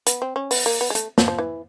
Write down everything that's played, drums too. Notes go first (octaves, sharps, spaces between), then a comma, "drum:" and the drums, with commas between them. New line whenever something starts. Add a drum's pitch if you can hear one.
B3, drum: hi-hat
C4
C#4
B3, drum: open hi-hat
A#3
B3
G#3
A3, drum: hi-hat
F3, drum: snare
F3
E3